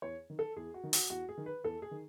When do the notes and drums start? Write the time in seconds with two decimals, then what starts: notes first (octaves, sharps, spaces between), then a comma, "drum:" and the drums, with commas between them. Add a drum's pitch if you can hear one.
0.02 E2 C#5
0.30 D#3
0.39 A4
0.56 E2 G#4
0.74 F#4
0.83 D#3
0.93 F#4, drum: open hi-hat
1.10 E2 F#4
1.29 G#4
1.37 D#3
1.46 B4
1.64 E2 A4
1.82 G#4
1.91 D#3